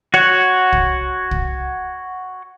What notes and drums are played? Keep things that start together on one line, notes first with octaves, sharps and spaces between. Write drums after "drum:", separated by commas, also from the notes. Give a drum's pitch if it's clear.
F#4 C#5 F#5
drum: kick
drum: kick